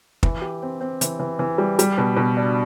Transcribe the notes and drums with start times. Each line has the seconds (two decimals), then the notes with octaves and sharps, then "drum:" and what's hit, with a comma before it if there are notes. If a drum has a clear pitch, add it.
0.23 E3, drum: kick
0.42 G4
0.62 C4
0.81 C4
1.01 E3, drum: hi-hat
1.20 E3
1.39 E3
1.58 G3
1.79 G3, drum: hi-hat
1.98 B2
2.16 B2
2.37 D4